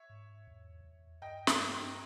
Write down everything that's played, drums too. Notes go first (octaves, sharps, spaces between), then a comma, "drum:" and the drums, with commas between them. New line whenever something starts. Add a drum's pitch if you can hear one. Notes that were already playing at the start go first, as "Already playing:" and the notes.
Already playing: C#5 E5
G#2
E2
G2
E2
G2 D#5 G5
drum: snare
G2
A#5